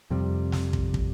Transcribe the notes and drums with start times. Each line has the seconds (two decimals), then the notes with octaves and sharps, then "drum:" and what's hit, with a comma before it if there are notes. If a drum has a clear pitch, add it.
0.10 F2 C3 G3
0.52 drum: snare
0.73 drum: kick
0.94 drum: kick